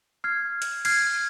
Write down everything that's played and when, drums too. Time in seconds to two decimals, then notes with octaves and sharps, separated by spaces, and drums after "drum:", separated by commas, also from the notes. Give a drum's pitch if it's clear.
0.24 F6 G#6 C7
0.62 drum: hi-hat
0.85 F6 G#6 C7, drum: cymbal